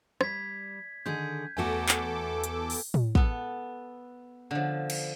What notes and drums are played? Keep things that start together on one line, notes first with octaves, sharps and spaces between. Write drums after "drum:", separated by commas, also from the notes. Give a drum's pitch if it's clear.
G3 G#6 B6, drum: rim click
D3 D#3 G#4 G6 G#6
E2 A3 B3 F#4 A4 G#5 D6
drum: clap
drum: hi-hat
drum: open hi-hat
drum: tom A2
B3 A4, drum: kick
D3 F3
drum: cymbal